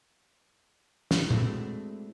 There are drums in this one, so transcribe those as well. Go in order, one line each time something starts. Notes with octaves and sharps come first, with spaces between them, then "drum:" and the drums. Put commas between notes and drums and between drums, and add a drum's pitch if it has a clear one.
drum: snare
G#3 A3 C4 D4 E4 F#4, drum: tom